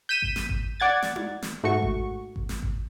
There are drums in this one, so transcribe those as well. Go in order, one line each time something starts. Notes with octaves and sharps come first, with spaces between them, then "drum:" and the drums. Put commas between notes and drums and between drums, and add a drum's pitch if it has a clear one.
G6 B6 D#7 E7
drum: kick G#1
drum: snare
drum: kick G#1
D5 F#5 G#6 A6
drum: snare
drum: tom D#4
drum: snare
G#2 A3 F#4 C#6
drum: kick G#1
drum: kick G#1
drum: snare
drum: kick G#1